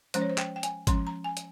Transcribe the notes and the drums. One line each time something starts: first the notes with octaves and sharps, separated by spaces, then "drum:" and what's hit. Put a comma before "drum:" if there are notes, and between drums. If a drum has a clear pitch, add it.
F3 G#3 C#4 C5, drum: hi-hat
C#5
C5
G5, drum: clap
G5
G#5, drum: hi-hat
F3 G#3 C#4 C6, drum: kick G#1, hi-hat
A#5
G#5
drum: hi-hat